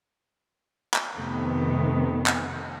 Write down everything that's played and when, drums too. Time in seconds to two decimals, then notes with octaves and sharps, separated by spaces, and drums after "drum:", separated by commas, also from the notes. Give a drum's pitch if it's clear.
0.94 drum: clap
1.16 F2 C3 D#3 A3 B3
2.26 drum: clap